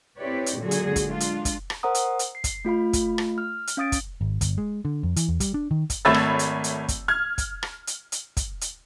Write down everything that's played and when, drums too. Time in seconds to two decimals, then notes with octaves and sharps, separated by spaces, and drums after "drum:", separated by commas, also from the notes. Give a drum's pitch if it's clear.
0.16 C4 E4 G4 B4 C#5 D5
0.46 drum: hi-hat
0.58 A#2 D3 F#3 G#3 F#4 G#4
0.71 drum: hi-hat
0.96 drum: kick, hi-hat
1.06 G#3 D4 F4
1.20 drum: hi-hat
1.45 drum: kick, hi-hat
1.70 drum: rim click
1.83 A#4 C5 F#5 A#5 D#6
1.95 drum: hi-hat
2.19 drum: hi-hat
2.35 C7
2.44 drum: kick, hi-hat
2.65 A3 F4 F5 B5
2.93 drum: kick, hi-hat
3.18 drum: rim click
3.38 F6
3.67 drum: hi-hat
3.77 C#4 F5 D#6 A6 D7
3.92 drum: kick, hi-hat
4.21 G#1
4.41 G1, drum: kick, hi-hat
4.58 G#3
4.85 D3
5.03 F2
5.16 E3, drum: hi-hat
5.29 E2
5.40 G3, drum: kick, hi-hat
5.54 D4
5.71 D#3
5.90 drum: kick, hi-hat
6.05 G#1 A3 C#5 B5 E6 A6
6.14 drum: rim click
6.39 drum: hi-hat
6.64 drum: hi-hat
6.88 drum: kick, hi-hat
7.08 F6 G#6
7.38 drum: kick, hi-hat
7.63 drum: rim click
7.87 drum: hi-hat
8.12 drum: hi-hat
8.37 drum: kick, hi-hat
8.61 drum: hi-hat